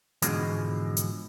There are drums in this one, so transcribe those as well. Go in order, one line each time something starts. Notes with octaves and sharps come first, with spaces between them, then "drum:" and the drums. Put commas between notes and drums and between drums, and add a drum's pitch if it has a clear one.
G#2 B2 D3 E3 F3 G#3, drum: hi-hat
drum: hi-hat